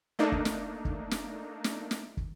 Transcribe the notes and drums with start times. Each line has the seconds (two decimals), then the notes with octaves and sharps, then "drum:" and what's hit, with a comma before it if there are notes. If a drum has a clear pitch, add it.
0.19 A3 A#3 D4 D#4
0.32 drum: kick
0.45 drum: snare
0.85 drum: kick
1.11 drum: snare
1.64 drum: snare
1.91 drum: snare
2.17 drum: kick